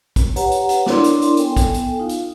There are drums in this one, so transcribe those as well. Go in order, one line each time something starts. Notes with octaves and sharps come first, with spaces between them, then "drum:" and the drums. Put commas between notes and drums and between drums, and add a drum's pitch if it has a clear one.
drum: kick, hi-hat
G4 B4 C#5 F#5 A#5, drum: hi-hat
drum: hi-hat
drum: hi-hat
D4 E4 A#4 C#5 D5 C6, drum: snare
drum: hi-hat
drum: hi-hat
B3 A4 G5 G#5, drum: hi-hat
drum: kick, hi-hat
drum: hi-hat
D#4 F4 F5
drum: hi-hat